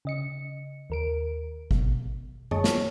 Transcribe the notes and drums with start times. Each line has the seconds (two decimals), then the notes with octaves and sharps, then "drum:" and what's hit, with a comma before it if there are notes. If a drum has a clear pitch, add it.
0.05 C#3 D#5 C#7
0.90 D#2 A#4 D7
1.71 B2, drum: kick
2.51 G#4 C#5 D#5 A5 C#6, drum: tom
2.64 drum: snare